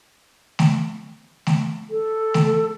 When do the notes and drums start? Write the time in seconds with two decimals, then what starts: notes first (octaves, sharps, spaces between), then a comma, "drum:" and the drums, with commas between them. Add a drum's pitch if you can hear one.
0.59 drum: snare A3
1.47 drum: snare A3
1.90 A4
2.34 drum: snare A3